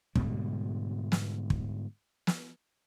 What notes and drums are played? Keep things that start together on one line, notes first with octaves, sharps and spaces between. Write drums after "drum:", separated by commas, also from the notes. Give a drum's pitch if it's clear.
G#2 B2 D3 G3, drum: kick
drum: snare
drum: kick
drum: snare